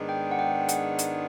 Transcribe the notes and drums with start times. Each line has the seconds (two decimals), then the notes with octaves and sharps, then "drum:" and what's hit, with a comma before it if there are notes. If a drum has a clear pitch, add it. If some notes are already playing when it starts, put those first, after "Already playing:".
Already playing: G#2 D#3 G#3 B3 D4
0.09 G5
0.31 F#5
0.39 G5
0.69 F#5, drum: hi-hat
0.99 drum: hi-hat